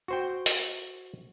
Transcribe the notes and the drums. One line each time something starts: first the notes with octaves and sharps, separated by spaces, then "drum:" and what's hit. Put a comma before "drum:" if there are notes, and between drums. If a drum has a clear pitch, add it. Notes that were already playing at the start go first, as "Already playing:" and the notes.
F#4 C5 G5
drum: hi-hat